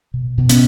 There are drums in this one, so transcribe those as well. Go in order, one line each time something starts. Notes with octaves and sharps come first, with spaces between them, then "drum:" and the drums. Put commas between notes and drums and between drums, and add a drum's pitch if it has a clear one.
B2
B2
B3 C#4, drum: hi-hat